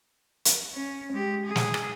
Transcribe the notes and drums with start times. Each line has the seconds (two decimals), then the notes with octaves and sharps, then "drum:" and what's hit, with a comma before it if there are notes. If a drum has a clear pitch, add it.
0.45 drum: hi-hat
0.74 C#4
1.12 G#3 G4
1.45 G#4
1.56 drum: snare
1.74 drum: rim click